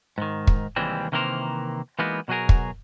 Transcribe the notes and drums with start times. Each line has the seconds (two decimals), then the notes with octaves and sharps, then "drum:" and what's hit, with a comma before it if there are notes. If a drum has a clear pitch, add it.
0.18 G#2 D#3
0.47 drum: kick
0.76 D#2 C3 E3 G3 G#3 C4
1.12 C3 D#3 E3 A#3 A#4 C5
1.99 E3 G#3 A#3 B3 D#4 F#4
2.28 B2 F#3 F#4 G#4 A#4
2.49 drum: kick